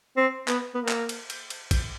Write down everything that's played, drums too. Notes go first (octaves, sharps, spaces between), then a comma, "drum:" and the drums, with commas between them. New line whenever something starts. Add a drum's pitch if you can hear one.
C4
B3, drum: clap
B3
A#3
drum: clap
drum: cymbal
drum: cymbal
drum: cymbal
drum: kick A#1, cymbal